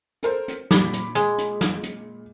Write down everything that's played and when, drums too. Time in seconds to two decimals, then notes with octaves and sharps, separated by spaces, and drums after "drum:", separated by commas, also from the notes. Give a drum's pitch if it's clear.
0.23 A4 A#4 C5, drum: hi-hat
0.48 drum: hi-hat
0.71 A#2 B5 D6, drum: snare
0.93 drum: hi-hat
1.15 G#3, drum: hi-hat
1.38 drum: hi-hat
1.61 drum: snare
1.83 drum: hi-hat